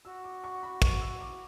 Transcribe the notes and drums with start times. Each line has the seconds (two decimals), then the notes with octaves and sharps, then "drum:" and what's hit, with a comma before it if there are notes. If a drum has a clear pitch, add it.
0.05 F#4 E6
0.24 D6
0.44 C#6
0.63 B5
0.82 C#6, drum: kick, cymbal
1.01 E6
1.21 D6